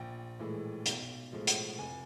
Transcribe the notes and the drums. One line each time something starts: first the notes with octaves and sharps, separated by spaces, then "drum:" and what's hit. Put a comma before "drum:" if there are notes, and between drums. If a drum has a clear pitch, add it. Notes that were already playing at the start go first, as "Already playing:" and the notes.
Already playing: A#1 G5
A2 E3 G#3
B1, drum: hi-hat
A2 F3 G#3
drum: hi-hat
F1 G#5